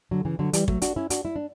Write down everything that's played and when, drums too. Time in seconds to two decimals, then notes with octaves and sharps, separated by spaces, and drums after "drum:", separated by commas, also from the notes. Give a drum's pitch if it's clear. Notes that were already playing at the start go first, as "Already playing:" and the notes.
0.11 D3 F#3
0.25 C#3 E3
0.39 D3 F#3
0.53 E3 G3, drum: hi-hat
0.68 F#3 A3, drum: kick
0.82 D4 F#4, drum: hi-hat
0.96 C#4 E4
1.10 D4 F#4, drum: hi-hat
1.25 E4
1.36 D4